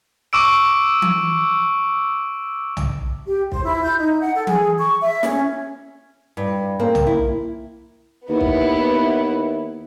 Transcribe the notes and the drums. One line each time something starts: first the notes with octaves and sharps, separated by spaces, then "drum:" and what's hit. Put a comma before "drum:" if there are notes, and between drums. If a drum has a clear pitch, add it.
C#6 D6 E6 D7
drum: tom E3
drum: tom
G4
C5, drum: kick
E4
G6
D#4
F#5
A4
G#4, drum: tom E3
C#6
E5
C#4, drum: snare
G2
A#3 C4
drum: tom
E4
D#2 B3 E4
drum: kick